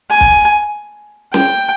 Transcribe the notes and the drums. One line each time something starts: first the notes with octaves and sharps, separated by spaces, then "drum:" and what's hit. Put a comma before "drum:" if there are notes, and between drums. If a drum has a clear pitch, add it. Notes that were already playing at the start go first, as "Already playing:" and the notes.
G#5
drum: kick
G5, drum: snare